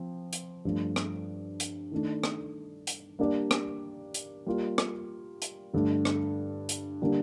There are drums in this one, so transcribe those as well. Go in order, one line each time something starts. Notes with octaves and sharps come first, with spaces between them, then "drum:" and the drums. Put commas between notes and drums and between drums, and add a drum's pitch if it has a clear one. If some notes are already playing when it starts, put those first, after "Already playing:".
Already playing: F3 C4
drum: hi-hat
G2 F3 A3
drum: rim click
drum: hi-hat
D#3 A3 D4
drum: rim click
drum: hi-hat
G3 A#3 D4 G4 D5
drum: rim click
drum: hi-hat
G3 A#3 F4
drum: rim click
drum: hi-hat
G2 D3 A3
drum: rim click
drum: hi-hat
D3 G3 A#3 D4